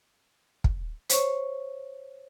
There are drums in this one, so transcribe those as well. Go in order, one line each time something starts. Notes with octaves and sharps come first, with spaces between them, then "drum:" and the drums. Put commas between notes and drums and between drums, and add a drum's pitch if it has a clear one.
drum: kick
C5 C#5 C#6, drum: hi-hat